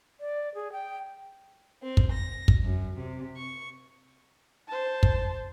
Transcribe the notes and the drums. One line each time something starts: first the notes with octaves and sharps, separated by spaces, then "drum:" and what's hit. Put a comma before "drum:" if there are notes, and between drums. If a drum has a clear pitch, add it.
D5
G#4
G5
C4
drum: kick
A#6
drum: kick
F#2
C3
C#6
C5 A5
drum: kick